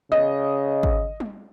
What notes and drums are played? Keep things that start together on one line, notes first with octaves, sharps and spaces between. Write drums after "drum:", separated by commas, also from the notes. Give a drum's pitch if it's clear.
C#3 D#5
drum: kick
drum: tom